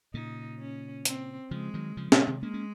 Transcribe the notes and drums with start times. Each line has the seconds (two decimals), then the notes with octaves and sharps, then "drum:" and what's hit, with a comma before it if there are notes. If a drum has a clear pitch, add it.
0.14 A#2 C#3 D#4
0.60 C#4
1.05 C4, drum: hi-hat
1.51 C#3 F3 G#3
1.74 D#3 F#3
1.97 C#3 F3
2.12 A#2 C#3, drum: snare
2.27 C3 D#3
2.42 G#3 A#3 C#4
2.54 C#4